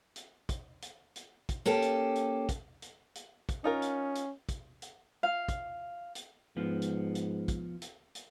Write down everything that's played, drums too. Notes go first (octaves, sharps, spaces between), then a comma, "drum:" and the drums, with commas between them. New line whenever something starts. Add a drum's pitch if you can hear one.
drum: hi-hat
drum: kick, hi-hat
drum: hi-hat
drum: hi-hat
drum: kick, hi-hat
A#3 C#4 G4 A4
drum: hi-hat
drum: hi-hat
drum: kick, hi-hat
drum: hi-hat
drum: hi-hat
drum: kick, hi-hat
C#4 D#4 F4 A#4
drum: hi-hat
drum: hi-hat
drum: kick, hi-hat
drum: hi-hat
F5
drum: kick, hi-hat
drum: hi-hat
G#2 F3 B3
drum: hi-hat
drum: hi-hat
drum: kick, hi-hat
drum: hi-hat
drum: hi-hat